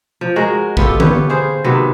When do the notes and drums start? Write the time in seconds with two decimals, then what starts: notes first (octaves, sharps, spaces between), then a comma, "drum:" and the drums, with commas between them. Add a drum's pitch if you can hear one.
0.21 F3
0.36 G#3 F#4 A#4
0.77 B3 F4 G4 A4, drum: kick A#1
1.00 G4 B4 C#5, drum: tom D3
1.30 G#4 C5 F5
1.64 C3 D#3 F#3 B3